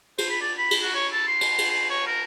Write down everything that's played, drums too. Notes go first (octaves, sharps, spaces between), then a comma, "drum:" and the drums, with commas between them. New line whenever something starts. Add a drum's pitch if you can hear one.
C5, drum: cymbal
B5
D5
B5
drum: cymbal
F#4
C#5
A4
C6
drum: cymbal
drum: cymbal
C6
C#5
A#4